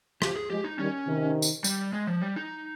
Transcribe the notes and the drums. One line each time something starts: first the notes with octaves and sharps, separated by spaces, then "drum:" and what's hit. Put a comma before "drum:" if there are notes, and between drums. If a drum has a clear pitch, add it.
C#3 F3 G4, drum: rim click
G#4
F3 G#3 G4
D#4
D#3 G3 C#4
C3 D#3
drum: tambourine
G3, drum: tambourine
G#3
F3
G3
D#4